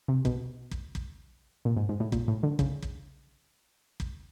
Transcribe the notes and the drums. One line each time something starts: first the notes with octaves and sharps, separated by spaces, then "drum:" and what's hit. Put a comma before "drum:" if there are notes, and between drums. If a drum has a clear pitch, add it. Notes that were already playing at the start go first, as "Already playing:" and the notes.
C3
B2, drum: kick
drum: kick
drum: kick
A#2
G#2
G#2
A2
A#2, drum: kick
A2
D3
C#3, drum: kick
drum: kick
drum: kick